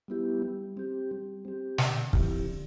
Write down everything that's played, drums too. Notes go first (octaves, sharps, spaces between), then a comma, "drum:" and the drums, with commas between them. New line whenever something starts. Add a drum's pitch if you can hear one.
G3 B3 E4 G4
G3
C4 G4
G3
C4 G4
D3, drum: snare
F3 C4 E4 G4, drum: kick
D3